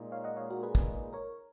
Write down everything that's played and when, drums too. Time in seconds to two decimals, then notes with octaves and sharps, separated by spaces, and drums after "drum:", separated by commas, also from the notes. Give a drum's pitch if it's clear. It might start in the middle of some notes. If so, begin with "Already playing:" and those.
Already playing: A#2 G#3 D#4
0.12 C#5 F5
0.24 D#5 F#5
0.37 C#5 F5
0.50 F#4 A#4
0.63 G#4 B4
0.75 drum: kick
1.13 A#4 C#5